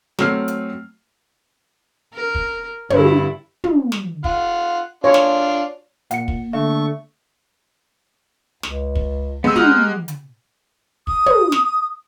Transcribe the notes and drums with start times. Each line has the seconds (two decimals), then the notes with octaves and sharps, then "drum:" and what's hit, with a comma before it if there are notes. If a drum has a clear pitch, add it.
0.19 F#3 A3 C4 F6 C7, drum: snare
0.48 drum: hi-hat
2.14 A#4
2.35 drum: kick
2.90 G2 D3 E4, drum: tom
3.64 drum: tom
3.92 drum: snare
4.24 F4 F#5, drum: kick
5.04 D4 F4 C#5
5.14 drum: snare
6.11 A#2 A#3 F#5 C#7, drum: hi-hat
6.28 drum: kick
6.53 D3 A3 E5 C#6
8.63 C#2, drum: snare
8.95 drum: kick
9.44 G#3 B3 G4 D#5 E6
9.56 B3 G4 F#5 A#5 D#6 F6, drum: tom
10.08 drum: hi-hat
11.07 D#6, drum: kick
11.26 drum: tom
11.52 drum: snare